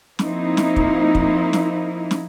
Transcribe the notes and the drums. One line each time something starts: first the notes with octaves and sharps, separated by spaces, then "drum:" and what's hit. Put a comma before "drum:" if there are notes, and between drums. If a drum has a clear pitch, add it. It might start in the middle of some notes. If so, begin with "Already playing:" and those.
F3 A#3 C4 D#4 E4, drum: snare
drum: snare
drum: kick
drum: kick
drum: snare
drum: snare